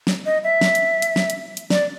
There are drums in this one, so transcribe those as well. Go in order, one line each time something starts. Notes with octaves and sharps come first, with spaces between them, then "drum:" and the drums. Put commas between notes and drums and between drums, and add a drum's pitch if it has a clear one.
drum: snare
D#5
E5
drum: snare
drum: hi-hat
drum: hi-hat
drum: snare
drum: hi-hat
drum: hi-hat
D5, drum: snare